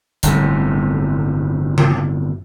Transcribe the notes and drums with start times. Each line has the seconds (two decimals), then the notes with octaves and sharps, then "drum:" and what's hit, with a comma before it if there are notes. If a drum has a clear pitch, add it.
0.23 G1 A2 C3, drum: hi-hat
1.78 drum: tom C#3